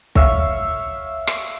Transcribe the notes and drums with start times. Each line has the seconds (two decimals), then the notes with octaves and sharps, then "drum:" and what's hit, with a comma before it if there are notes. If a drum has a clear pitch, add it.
0.15 C#5 E5 F5, drum: kick
1.27 drum: rim click